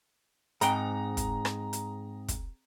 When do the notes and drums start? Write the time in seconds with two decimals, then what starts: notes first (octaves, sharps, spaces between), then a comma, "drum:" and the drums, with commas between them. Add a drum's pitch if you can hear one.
0.61 G#2 C4 G#4 G5 A#5, drum: hi-hat
1.17 drum: kick, hi-hat
1.45 drum: rim click
1.73 drum: hi-hat
2.28 drum: kick, hi-hat